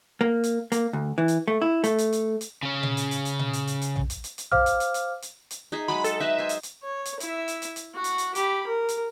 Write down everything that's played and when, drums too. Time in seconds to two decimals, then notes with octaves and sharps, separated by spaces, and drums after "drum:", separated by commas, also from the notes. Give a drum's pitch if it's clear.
0.21 A#3
0.44 drum: hi-hat
0.72 A#3, drum: hi-hat
0.93 D2
1.18 E3
1.28 drum: hi-hat
1.48 A3
1.62 E4
1.84 A3, drum: hi-hat
1.98 drum: hi-hat
2.13 drum: hi-hat
2.41 drum: hi-hat
2.63 C#3 C#4
2.83 drum: tom A#2
2.97 drum: hi-hat
3.11 drum: hi-hat
3.25 drum: hi-hat
3.39 drum: tom A#2
3.53 drum: hi-hat
3.67 drum: hi-hat
3.82 drum: hi-hat
3.96 drum: tom B1
4.10 drum: hi-hat
4.24 drum: hi-hat
4.38 drum: hi-hat
4.52 C5 F5 D6 F6, drum: tom B1
4.66 drum: hi-hat
4.80 drum: hi-hat
4.94 drum: hi-hat
5.22 drum: hi-hat
5.51 drum: hi-hat
5.72 D#4 G#4 E5
5.88 F#3 G#3 G#4 B5
6.04 A4, drum: hi-hat
6.20 D#4 B4 D#5 E5
6.38 C5 G#5
6.49 drum: hi-hat
6.63 drum: hi-hat
6.83 C#5
7.05 drum: hi-hat
7.20 E4 E5, drum: hi-hat
7.48 drum: hi-hat
7.62 drum: hi-hat
7.76 drum: hi-hat
7.95 F#4 F#5
8.04 drum: hi-hat
8.18 drum: hi-hat
8.35 G4 B5, drum: hi-hat
8.67 A#4
8.89 drum: hi-hat